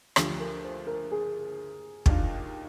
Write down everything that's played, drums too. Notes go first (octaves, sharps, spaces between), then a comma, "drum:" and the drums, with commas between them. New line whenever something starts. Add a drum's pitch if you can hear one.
D2 D3 F3 G4, drum: rim click
A#4
C5
A#4
G#4
D#2 D#3 A#3 D4 F4, drum: kick